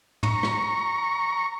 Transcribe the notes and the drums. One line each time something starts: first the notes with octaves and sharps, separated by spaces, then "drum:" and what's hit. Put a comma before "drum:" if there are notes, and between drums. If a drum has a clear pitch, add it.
A#5 C#6, drum: tom
drum: rim click